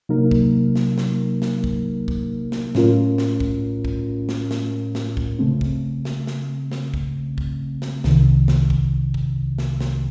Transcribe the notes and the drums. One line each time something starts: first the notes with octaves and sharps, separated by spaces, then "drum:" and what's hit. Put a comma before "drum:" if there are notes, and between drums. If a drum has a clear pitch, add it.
C3 F#3 A#3 D#4 A#4
drum: kick
drum: snare
drum: snare
drum: snare
drum: kick
drum: kick
drum: snare
A2 A3 C#4 F4 A#4, drum: snare
drum: snare
drum: kick
drum: kick
drum: snare
drum: snare
drum: snare
drum: kick
C#3 A3 C4
drum: kick
drum: snare
drum: snare
drum: snare
drum: kick
drum: kick
drum: snare
C2 C3 D#3, drum: snare
drum: snare
drum: kick
drum: kick
drum: snare
drum: snare